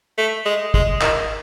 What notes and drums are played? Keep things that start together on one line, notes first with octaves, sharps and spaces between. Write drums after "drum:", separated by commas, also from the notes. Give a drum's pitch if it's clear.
A3
G#3
G#3, drum: kick
D#3, drum: clap